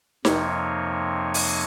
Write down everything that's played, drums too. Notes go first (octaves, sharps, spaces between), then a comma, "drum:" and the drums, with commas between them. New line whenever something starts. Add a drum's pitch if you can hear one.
F2 C3 F3 A#3 D#4 C#5, drum: snare D#4
drum: open hi-hat